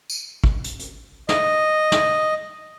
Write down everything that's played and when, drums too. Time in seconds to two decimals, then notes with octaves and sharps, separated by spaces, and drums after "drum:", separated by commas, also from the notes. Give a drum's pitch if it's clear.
0.10 drum: tambourine
0.44 drum: kick
0.64 drum: hi-hat
0.79 drum: hi-hat
1.29 D#5, drum: snare
1.92 drum: snare